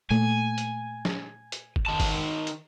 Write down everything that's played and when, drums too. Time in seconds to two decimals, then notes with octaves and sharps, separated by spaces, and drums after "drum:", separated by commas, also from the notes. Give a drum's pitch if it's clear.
0.10 A#2 A3 G#5
0.58 drum: hi-hat
1.05 drum: snare
1.52 drum: hi-hat
1.76 drum: kick
1.87 D#3 A5
2.00 drum: kick, open hi-hat
2.47 drum: hi-hat